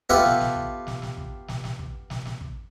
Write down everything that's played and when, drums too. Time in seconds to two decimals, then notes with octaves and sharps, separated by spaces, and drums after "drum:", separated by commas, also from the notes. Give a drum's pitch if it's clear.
0.10 B3 F4 G4 A4 E5 F#5
0.25 drum: snare
0.40 drum: snare
0.56 drum: kick
0.87 drum: snare
1.02 drum: snare
1.18 drum: kick
1.48 drum: snare
1.64 drum: snare
1.79 drum: kick
2.10 drum: snare
2.25 drum: snare
2.41 drum: kick